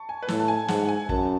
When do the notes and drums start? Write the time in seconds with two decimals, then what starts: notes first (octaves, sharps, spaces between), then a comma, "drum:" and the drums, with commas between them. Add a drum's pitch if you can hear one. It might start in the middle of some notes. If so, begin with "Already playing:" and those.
Already playing: A5 C#6
0.09 G#5
0.23 B4
0.28 A2 A4, drum: snare
0.40 A5
0.48 G#5
0.68 G#2 F#5, drum: snare
0.89 G#5
1.09 F#2 A5, drum: kick